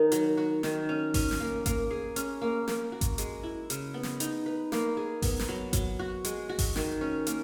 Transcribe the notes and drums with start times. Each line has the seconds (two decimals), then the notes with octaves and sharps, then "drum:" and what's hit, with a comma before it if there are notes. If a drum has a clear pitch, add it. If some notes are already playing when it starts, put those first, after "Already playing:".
Already playing: D#3 A#3 D#4 A#4
0.12 F#3, drum: hi-hat
0.37 F#4
0.63 D#3, drum: snare
0.89 C#4
1.14 C#4, drum: kick G#1, open hi-hat
1.31 drum: snare
1.40 A#3
1.66 A#3, drum: kick G#1, hi-hat
1.91 G#4
2.16 C#4, drum: hi-hat
2.41 A#3
2.68 A#3, drum: snare
2.92 F#4
3.01 drum: kick G#1, hi-hat
3.18 G#3, drum: hi-hat
3.43 E4
3.70 C#3, drum: hi-hat
3.94 B3
4.03 drum: snare
4.20 D#4, drum: hi-hat
4.46 B4
4.72 A#3, drum: snare
4.97 G#4
5.22 B3, drum: kick G#1, open hi-hat
5.39 drum: snare
5.49 F#3
5.73 F#3, drum: kick G#1, hi-hat
5.99 F#4
6.25 G#3, drum: hi-hat
6.49 F#4
6.59 drum: kick G#1, open hi-hat
6.76 D#3, drum: snare
7.01 C#4
7.27 A#3, drum: hi-hat